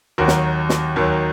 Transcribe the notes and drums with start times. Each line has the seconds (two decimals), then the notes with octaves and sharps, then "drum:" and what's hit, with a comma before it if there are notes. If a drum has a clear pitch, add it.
0.18 D#2 D#3 F#3 F#4 A#4
0.28 drum: snare
0.69 drum: snare
0.96 D#2 D#3 F#3